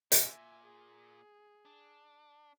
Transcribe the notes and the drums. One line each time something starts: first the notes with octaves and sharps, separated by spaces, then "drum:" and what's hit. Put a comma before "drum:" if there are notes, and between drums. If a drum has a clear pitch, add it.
A#2 E5 G#5, drum: hi-hat
G#4
D4